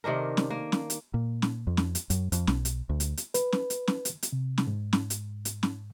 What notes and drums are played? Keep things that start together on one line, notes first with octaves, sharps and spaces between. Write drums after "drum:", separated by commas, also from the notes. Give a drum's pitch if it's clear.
C3 D#3 D4 A#4
drum: snare
A#3
drum: snare
drum: hi-hat
A#2
drum: snare
F2
drum: snare
drum: hi-hat
F#2, drum: hi-hat
F2, drum: hi-hat
B1, drum: snare
drum: hi-hat
D2
drum: hi-hat
drum: hi-hat
B4, drum: hi-hat
drum: snare
drum: hi-hat
drum: snare
drum: hi-hat
drum: hi-hat
C3
drum: snare
G#2
drum: snare
drum: hi-hat
drum: hi-hat
drum: snare